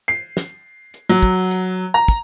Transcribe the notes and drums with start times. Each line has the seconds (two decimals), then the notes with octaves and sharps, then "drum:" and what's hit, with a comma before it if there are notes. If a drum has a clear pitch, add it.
0.08 C7
0.37 drum: snare
0.94 drum: hi-hat
1.09 F#3
1.23 drum: kick
1.51 drum: hi-hat
1.94 A#5
2.08 drum: kick, hi-hat